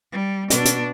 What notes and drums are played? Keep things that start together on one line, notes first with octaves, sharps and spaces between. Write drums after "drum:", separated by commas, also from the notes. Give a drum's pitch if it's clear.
G3
B2 D4, drum: hi-hat
drum: hi-hat